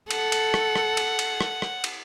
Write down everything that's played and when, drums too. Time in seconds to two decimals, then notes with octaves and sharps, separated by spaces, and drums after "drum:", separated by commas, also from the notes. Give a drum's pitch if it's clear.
0.11 A4 F#5, drum: cymbal
0.32 drum: cymbal
0.54 drum: rim click
0.76 drum: rim click
0.97 drum: cymbal
1.19 drum: cymbal
1.41 drum: rim click
1.62 drum: rim click
1.84 drum: cymbal